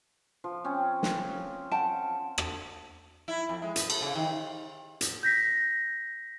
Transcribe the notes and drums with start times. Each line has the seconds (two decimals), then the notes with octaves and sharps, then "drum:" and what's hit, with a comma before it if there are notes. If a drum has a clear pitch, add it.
0.44 F3
0.64 C4 C#4
1.03 drum: snare
1.71 F#5 G5 A5
2.38 drum: rim click
3.28 E4
3.49 F2
3.62 G#3
3.76 B4, drum: hi-hat
3.90 A4, drum: cymbal
4.02 C#3
4.15 D#3
5.01 drum: hi-hat
5.23 G6 A#6 B6